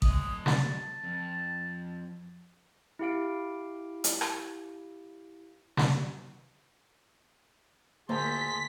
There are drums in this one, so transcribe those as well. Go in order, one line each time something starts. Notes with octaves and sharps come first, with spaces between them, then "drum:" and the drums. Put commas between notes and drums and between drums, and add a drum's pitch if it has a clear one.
A3 D#5 D#6, drum: kick A1
A5, drum: snare
F2
E4 G4 F5 D7
drum: hi-hat
drum: rim click
drum: snare
D2 A#3 G#4 C5 A5 A#5 C6 B6